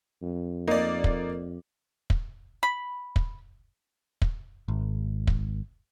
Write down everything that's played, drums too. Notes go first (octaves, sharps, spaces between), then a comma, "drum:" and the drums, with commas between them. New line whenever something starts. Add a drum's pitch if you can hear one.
F2
A#3 D#4 D5
drum: kick
drum: kick
B5
drum: kick
drum: kick
G#1
drum: kick